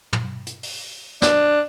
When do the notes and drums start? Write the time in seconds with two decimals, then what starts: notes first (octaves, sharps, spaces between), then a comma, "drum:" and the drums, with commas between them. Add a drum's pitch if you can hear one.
0.13 drum: tom
0.47 drum: hi-hat
0.63 drum: open hi-hat
1.22 D4, drum: snare